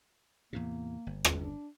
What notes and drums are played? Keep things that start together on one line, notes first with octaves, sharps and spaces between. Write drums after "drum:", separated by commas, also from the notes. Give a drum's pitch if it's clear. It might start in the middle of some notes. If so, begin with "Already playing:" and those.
E2 A2 C3 A#3
G1
drum: rim click
D4